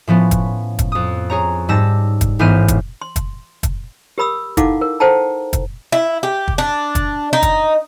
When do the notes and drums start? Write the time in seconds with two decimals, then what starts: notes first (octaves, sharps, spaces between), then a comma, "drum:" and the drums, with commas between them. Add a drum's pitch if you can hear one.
0.07 A2 F3 B3 C#4
0.31 drum: kick, hi-hat
0.79 drum: kick, hi-hat
0.92 F2 D#6
1.30 G#4 C#5 A#5
1.69 G#2 G3 A5 E6 A#6
2.21 drum: kick, hi-hat
2.39 A1 G#2 B3 C5 F6 D#7
2.68 drum: kick, hi-hat
3.02 C6
3.16 drum: kick, hi-hat
3.63 drum: kick, hi-hat
4.18 G4 A#4 B5 D#6 E6
4.57 D#4 E4 A4 F5 F#5 D6, drum: kick, hi-hat
4.81 A#4
5.00 A4 C5 F#5 G5 A5 A#5
5.53 drum: kick, hi-hat
5.92 E4
6.23 G4
6.48 drum: kick
6.58 D4
6.95 drum: kick, hi-hat
7.33 D#4
7.42 drum: kick, hi-hat